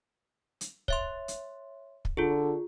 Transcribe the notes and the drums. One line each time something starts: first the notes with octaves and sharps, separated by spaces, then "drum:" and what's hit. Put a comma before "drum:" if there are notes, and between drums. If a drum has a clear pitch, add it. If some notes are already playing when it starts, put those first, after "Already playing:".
drum: hi-hat
C#5 E5 C6, drum: kick
drum: hi-hat
drum: kick
D3 F4 G#4